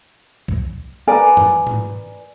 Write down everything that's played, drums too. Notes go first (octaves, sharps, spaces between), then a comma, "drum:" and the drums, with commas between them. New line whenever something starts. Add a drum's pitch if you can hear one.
drum: kick B1
A#4 B4 D5 G#5
drum: tom F#2
drum: tom G#2